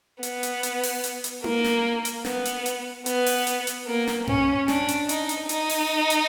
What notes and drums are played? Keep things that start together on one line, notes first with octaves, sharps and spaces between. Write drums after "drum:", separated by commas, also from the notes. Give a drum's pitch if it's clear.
B3, drum: hi-hat
drum: hi-hat
drum: hi-hat
drum: open hi-hat
drum: hi-hat
drum: hi-hat
A#3, drum: tom D#4
drum: snare
drum: hi-hat
B3, drum: snare
drum: hi-hat
drum: hi-hat
B3, drum: hi-hat
drum: open hi-hat
drum: hi-hat
drum: hi-hat
A#3
drum: snare
C#4, drum: tom G2
D4, drum: snare
drum: hi-hat
D#4, drum: hi-hat
drum: hi-hat
D#4, drum: hi-hat
drum: open hi-hat
drum: hi-hat